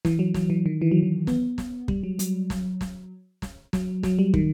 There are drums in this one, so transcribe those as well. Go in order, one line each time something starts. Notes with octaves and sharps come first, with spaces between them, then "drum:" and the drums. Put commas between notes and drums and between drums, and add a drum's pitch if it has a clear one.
E3, drum: snare
F#3
F#3, drum: snare
E3
D#3
E3
F#3
E3
B3, drum: snare
drum: snare
G3, drum: kick
F#3
F#3, drum: hi-hat
drum: snare
drum: snare
drum: snare
F#3, drum: snare
F#3, drum: snare
G3
D#3, drum: kick